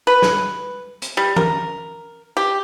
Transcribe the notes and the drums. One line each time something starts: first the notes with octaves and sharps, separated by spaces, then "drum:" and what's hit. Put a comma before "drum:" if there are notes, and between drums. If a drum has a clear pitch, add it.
B4
drum: snare
drum: hi-hat
G3
A#4, drum: tom E3
G4